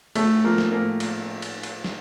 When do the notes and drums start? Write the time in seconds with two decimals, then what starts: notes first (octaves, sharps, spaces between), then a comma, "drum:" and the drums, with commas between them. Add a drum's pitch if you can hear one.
0.15 A2 A3 A4, drum: cymbal
0.44 F3 A#3 A#4
0.58 drum: snare
0.72 A2 A#3 A#4
1.00 drum: cymbal
1.42 drum: cymbal
1.63 drum: cymbal
1.84 drum: snare